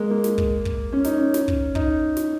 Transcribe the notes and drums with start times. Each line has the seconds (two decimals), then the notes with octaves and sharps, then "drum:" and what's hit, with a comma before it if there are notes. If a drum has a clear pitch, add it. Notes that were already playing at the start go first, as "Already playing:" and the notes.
Already playing: G#3 A#3
0.10 A#3
0.24 drum: snare
0.38 drum: kick
0.65 drum: kick
0.93 C#4
1.05 D#4, drum: snare
1.17 C#4
1.34 drum: snare
1.48 drum: kick
1.75 D#4, drum: kick
2.17 drum: snare